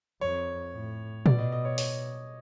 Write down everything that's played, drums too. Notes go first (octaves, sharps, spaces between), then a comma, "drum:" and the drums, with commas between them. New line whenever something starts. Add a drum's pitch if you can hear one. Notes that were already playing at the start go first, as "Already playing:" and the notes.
F2 C#5
A2
B2 D5, drum: tom A#2
D#5
D#5
C#5
C#5, drum: open hi-hat